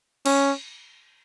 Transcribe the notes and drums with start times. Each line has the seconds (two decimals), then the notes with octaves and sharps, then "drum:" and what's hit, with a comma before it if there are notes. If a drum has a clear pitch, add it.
0.26 C#4, drum: cymbal